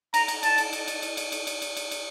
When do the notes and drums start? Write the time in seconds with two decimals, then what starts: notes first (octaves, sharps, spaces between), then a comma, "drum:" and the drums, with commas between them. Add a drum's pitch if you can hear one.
0.14 A#5, drum: cymbal
0.28 drum: cymbal
0.43 A5, drum: cymbal
0.58 drum: cymbal
0.73 drum: cymbal
0.88 drum: cymbal
1.02 drum: cymbal
1.17 drum: cymbal
1.32 drum: cymbal
1.47 drum: cymbal
1.62 drum: cymbal
1.77 drum: cymbal
1.91 drum: cymbal